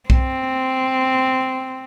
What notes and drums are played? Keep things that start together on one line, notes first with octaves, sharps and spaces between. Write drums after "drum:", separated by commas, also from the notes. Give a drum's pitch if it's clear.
C4, drum: kick